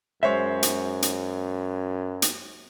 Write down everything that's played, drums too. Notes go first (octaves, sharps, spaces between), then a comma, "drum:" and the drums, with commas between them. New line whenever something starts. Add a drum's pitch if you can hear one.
F#2 G#3 C5 C#5 E5
drum: hi-hat
drum: hi-hat
drum: hi-hat